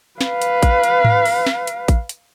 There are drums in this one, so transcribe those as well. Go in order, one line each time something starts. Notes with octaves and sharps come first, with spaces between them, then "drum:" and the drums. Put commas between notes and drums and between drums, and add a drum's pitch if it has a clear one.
B4 F5, drum: snare
drum: hi-hat
drum: kick A1, hi-hat
drum: hi-hat
drum: tom G#2
drum: open hi-hat
drum: snare
drum: hi-hat
drum: kick A1, hi-hat
drum: hi-hat